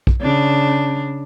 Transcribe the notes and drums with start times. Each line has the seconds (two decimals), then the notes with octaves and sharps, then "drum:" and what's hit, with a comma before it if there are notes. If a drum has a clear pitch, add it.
0.07 drum: kick
0.21 C#3 D4